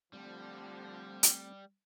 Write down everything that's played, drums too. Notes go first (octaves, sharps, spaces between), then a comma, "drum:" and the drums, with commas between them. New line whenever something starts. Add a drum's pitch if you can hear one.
D3 F3 G3 A3 C4 G5
drum: hi-hat